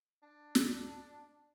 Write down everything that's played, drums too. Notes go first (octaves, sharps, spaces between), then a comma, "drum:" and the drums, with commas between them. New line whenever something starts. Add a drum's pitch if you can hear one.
D4
drum: snare